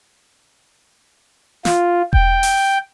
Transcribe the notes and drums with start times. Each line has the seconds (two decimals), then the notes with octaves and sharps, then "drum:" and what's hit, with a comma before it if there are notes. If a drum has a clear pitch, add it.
1.65 F4, drum: snare
2.13 G5, drum: kick E1
2.43 drum: open hi-hat